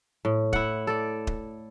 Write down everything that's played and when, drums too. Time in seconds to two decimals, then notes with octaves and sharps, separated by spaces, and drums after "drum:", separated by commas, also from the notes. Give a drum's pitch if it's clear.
0.25 A2
0.53 E4 F#5, drum: kick D#1
0.87 A4 D5
1.27 drum: kick D#1